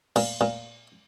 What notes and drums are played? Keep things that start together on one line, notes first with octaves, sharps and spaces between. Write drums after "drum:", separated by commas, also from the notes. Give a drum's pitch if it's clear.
A#2, drum: cymbal
A#2